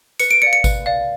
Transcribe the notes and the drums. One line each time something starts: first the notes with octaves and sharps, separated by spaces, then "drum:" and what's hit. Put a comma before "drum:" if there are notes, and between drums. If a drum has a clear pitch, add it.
B4 C#7, drum: tambourine
D7
D5 F5 C#7
C#7
B4, drum: kick G#1, tambourine
D5 F5